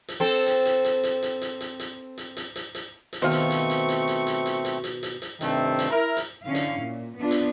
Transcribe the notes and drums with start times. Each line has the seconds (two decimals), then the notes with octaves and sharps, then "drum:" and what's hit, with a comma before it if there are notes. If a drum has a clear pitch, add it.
0.08 drum: hi-hat
0.20 C4 A4
0.46 drum: hi-hat
0.65 drum: hi-hat
0.84 drum: hi-hat
1.03 drum: hi-hat
1.23 drum: hi-hat
1.42 drum: hi-hat
1.61 drum: hi-hat
1.80 drum: hi-hat
2.18 drum: hi-hat
2.37 drum: hi-hat
2.56 drum: hi-hat
2.75 drum: hi-hat
3.13 drum: hi-hat
3.22 B2 D#3 A3 C4 C5 F5 C#6
3.32 drum: hi-hat
3.51 drum: hi-hat
3.70 drum: hi-hat
3.89 drum: hi-hat
4.08 drum: hi-hat
4.27 drum: hi-hat
4.46 drum: hi-hat
4.65 drum: hi-hat
4.84 drum: hi-hat
5.03 drum: hi-hat
5.22 drum: hi-hat
5.41 G2 C3 D#3 A3 C4, drum: hi-hat
5.79 drum: hi-hat
5.89 E4 A#4
6.17 drum: hi-hat
6.44 D3 C#4 E4 F5
6.55 drum: hi-hat
6.80 A#2
7.18 B3 D4 F4
7.31 drum: hi-hat